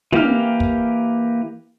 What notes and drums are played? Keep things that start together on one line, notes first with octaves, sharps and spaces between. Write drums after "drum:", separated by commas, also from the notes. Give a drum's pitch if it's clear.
E3 A#3 G4 F6, drum: tom
drum: kick